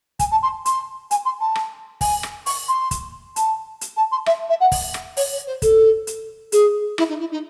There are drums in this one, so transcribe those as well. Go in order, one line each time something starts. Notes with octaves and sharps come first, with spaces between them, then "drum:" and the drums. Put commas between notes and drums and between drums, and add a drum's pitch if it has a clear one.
G#5, drum: kick, hi-hat
A5
C6
C6, drum: hi-hat
G#5, drum: hi-hat
C6
A5
drum: rim click
G#5, drum: kick, open hi-hat
drum: rim click
C#6, drum: open hi-hat
C6
drum: kick, hi-hat
A5, drum: hi-hat
drum: hi-hat
A5
C6
E5, drum: rim click
E5
F#5
drum: kick, open hi-hat
drum: rim click
C#5, drum: open hi-hat
C#5
C5
A4, drum: kick, hi-hat
drum: hi-hat
G#4, drum: hi-hat
E4, drum: rim click
D#4
E4
D#4